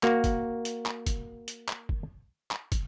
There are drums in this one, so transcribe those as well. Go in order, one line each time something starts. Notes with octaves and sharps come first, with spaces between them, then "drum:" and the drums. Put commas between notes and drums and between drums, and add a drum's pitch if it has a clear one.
A#3 F#4, drum: clap
drum: kick, hi-hat
drum: hi-hat
drum: clap
drum: kick, hi-hat
drum: hi-hat
drum: clap
drum: kick
drum: clap
drum: kick, hi-hat